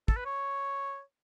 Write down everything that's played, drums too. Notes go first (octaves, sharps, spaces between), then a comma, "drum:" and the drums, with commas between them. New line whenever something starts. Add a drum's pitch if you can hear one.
A4, drum: kick
B4
C#5